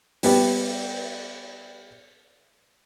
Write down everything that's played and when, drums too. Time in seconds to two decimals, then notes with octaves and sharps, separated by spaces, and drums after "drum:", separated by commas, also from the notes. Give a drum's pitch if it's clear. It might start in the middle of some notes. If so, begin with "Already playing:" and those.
0.23 G3 B3 G4, drum: open hi-hat